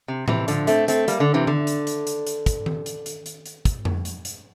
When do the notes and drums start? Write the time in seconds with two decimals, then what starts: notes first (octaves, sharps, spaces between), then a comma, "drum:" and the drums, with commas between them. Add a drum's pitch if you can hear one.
0.08 C3
0.28 C3 E3, drum: tom A2
0.48 D3 F3, drum: hi-hat
0.67 A3 C4, drum: hi-hat
0.88 A3 C4, drum: hi-hat
1.08 G3 A#3, drum: hi-hat
1.20 D3
1.34 C3 E3
1.47 D3, drum: tom D#3
1.67 drum: hi-hat
1.87 drum: hi-hat
2.07 drum: hi-hat
2.27 drum: hi-hat
2.46 drum: kick, hi-hat
2.66 drum: tom D#3
2.86 drum: hi-hat
3.06 drum: hi-hat
3.26 drum: hi-hat
3.46 drum: hi-hat
3.65 drum: kick, hi-hat
3.85 drum: tom F2
4.05 drum: hi-hat
4.25 drum: hi-hat